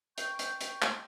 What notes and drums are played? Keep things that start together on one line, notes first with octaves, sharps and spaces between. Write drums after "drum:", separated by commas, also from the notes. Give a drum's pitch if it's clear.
G5 C#6 G6, drum: hi-hat
drum: hi-hat
drum: hi-hat
drum: clap